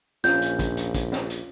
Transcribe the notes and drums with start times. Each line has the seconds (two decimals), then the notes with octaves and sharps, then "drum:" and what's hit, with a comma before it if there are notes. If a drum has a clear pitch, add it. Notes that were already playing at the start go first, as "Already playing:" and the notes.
0.24 A#1 C#4 F4 G6, drum: snare
0.42 drum: hi-hat
0.59 drum: kick, hi-hat
0.77 drum: hi-hat
0.95 drum: kick, hi-hat
1.12 drum: snare
1.30 drum: hi-hat